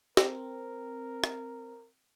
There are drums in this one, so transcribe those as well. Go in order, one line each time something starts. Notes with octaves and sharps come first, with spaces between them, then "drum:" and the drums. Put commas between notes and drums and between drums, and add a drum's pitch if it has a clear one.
C4 A#4, drum: snare
drum: rim click